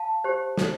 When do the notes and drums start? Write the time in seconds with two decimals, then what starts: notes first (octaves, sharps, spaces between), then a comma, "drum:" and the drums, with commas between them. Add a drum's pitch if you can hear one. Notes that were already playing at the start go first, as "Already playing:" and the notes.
Already playing: F5 A5
0.24 G4 C5
0.58 D4, drum: snare